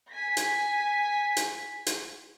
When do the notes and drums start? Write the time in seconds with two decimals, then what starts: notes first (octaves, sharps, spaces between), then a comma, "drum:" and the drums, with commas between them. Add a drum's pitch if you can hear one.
0.12 G#5 B6
0.37 drum: hi-hat
1.37 drum: hi-hat
1.86 drum: hi-hat